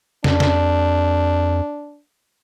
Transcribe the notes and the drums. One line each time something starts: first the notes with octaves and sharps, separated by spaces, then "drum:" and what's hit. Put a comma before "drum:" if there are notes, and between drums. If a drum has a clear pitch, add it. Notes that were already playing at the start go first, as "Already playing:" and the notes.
F2 D4, drum: snare
drum: snare